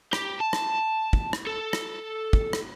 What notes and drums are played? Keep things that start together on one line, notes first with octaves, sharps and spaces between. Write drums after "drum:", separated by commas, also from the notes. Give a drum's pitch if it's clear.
G4, drum: rim click
A5
drum: rim click
drum: kick
drum: rim click
A4
drum: rim click
drum: kick
drum: rim click